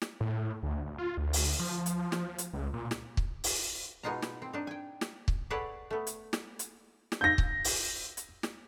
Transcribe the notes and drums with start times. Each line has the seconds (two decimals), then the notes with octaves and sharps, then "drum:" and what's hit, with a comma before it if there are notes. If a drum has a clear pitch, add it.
0.02 drum: snare
0.21 A2
0.63 D2
0.86 D2
0.98 F4
1.17 D2
1.33 drum: open hi-hat
1.59 F3
1.86 drum: hi-hat
2.12 drum: snare
2.38 drum: hi-hat
2.53 C#2
2.74 A#2
2.91 drum: snare
3.17 drum: kick
3.44 drum: open hi-hat
4.03 B2 G#3 D#4 F4 A#5
4.23 drum: snare
4.42 C4
4.53 D4 D#4
4.67 G5 G#5
5.01 drum: snare
5.28 drum: kick
5.50 G#4 A4 B4 C#5 D5 F#5
5.91 A3 B3
6.07 drum: hi-hat
6.33 drum: snare
6.59 drum: hi-hat
7.12 drum: snare
7.21 G6 A#6
7.38 drum: kick
7.64 drum: open hi-hat
8.17 drum: hi-hat
8.43 drum: snare